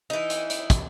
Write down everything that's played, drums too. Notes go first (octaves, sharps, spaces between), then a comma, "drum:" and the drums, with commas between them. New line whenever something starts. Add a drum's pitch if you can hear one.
E3 D#4
drum: hi-hat
drum: hi-hat
drum: kick, hi-hat